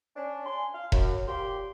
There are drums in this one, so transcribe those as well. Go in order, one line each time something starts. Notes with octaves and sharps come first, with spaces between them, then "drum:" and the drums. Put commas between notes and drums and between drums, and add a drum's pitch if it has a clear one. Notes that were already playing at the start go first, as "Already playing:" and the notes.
C#4 D4
G#5 C6
F5
F#2, drum: kick E1
A#2 G4 C6